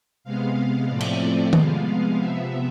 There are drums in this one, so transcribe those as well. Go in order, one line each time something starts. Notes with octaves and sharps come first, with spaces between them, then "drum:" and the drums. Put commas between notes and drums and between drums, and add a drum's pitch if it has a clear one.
C3 G#3 B3 F5
A2 F3 A3 C4 D5
drum: cymbal
C3 F3 G#3 B3 F5, drum: tom D#3
C3 F3 B3 E5